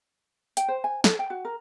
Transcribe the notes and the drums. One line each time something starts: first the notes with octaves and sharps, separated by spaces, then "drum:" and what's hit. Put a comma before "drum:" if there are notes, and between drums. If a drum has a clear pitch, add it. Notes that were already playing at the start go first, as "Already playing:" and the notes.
G5, drum: hi-hat
C5
G#5
A4, drum: snare
G5
F#4
A#4